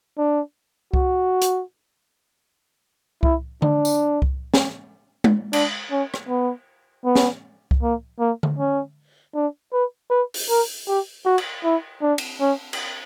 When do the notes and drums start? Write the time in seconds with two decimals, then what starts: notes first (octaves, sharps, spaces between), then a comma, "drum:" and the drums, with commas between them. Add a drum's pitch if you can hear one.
0.18 D4
0.94 F#4, drum: kick C2
1.42 drum: hi-hat
3.23 E4, drum: kick C2
3.62 D4, drum: tom D3
3.85 drum: tambourine
4.22 drum: kick C2
4.54 drum: snare
5.24 drum: tom G#3
5.53 D4, drum: cymbal
5.91 C#4
6.14 drum: rim click
6.29 B3
7.05 B3
7.15 drum: snare
7.71 drum: kick C2
7.82 A#3
8.20 A#3
8.43 drum: tom D3
8.58 C#4
9.35 D4
9.73 B4
10.10 B4
10.34 drum: open hi-hat
10.50 A#4
10.87 G4
11.26 F#4
11.38 drum: cymbal
11.64 E4
12.02 D4
12.18 drum: cymbal
12.41 C#4
12.73 drum: cymbal